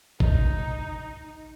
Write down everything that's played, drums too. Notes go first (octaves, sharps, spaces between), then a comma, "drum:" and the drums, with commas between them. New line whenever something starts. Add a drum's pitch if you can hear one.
D#4, drum: kick G#1